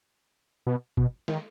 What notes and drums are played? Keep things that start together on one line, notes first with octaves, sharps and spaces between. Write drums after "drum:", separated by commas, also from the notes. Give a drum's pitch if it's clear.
B2
B2, drum: kick
D#3, drum: snare